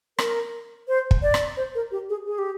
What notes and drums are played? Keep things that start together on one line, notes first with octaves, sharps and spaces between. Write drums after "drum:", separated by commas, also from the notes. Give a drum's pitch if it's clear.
A#4, drum: rim click
C5
drum: kick
D5
drum: rim click
C5
A#4
G4
G#4
G#4
G4